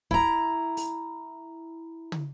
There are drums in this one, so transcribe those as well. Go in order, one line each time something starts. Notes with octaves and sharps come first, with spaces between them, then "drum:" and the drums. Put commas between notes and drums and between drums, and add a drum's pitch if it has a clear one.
E4 A#5, drum: kick
drum: open hi-hat
drum: tom